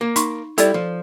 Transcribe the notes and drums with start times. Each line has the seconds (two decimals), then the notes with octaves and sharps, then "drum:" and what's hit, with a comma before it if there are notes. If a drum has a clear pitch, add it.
0.01 A#3
0.16 D#4 C6 C#6, drum: hi-hat
0.58 G3 E4 A4 D5, drum: hi-hat
0.74 F3